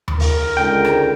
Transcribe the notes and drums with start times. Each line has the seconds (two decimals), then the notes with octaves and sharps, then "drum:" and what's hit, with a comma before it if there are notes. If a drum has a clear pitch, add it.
0.08 drum: tom D#2
0.20 A#4, drum: open hi-hat
0.57 C#2 G#2 D3 G5
0.85 drum: rim click